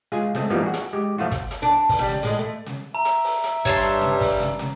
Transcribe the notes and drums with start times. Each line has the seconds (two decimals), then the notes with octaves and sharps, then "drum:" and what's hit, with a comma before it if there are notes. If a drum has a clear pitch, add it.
0.12 G#3 F4 G#4 G#5
0.35 G#3 A3 C4 D#5, drum: snare
0.50 E3 F3 G3 G#3 A#3 B3
0.63 F#4 G#4
0.74 drum: hi-hat
0.93 G#3 G4
1.18 F3 A3 F4 F#4
1.31 drum: kick, hi-hat
1.51 drum: hi-hat
1.62 D4
1.89 drum: kick, open hi-hat
1.99 G3
2.09 drum: snare
2.23 A2 G#3
2.39 A3
2.66 drum: snare
2.95 E5 A#5
3.05 drum: hi-hat
3.24 drum: open hi-hat
3.44 drum: hi-hat
3.65 G2 G3 C#5 A5 C6, drum: kick, hi-hat
3.82 drum: hi-hat
4.01 drum: snare
4.21 drum: kick, open hi-hat
4.40 drum: snare
4.59 drum: snare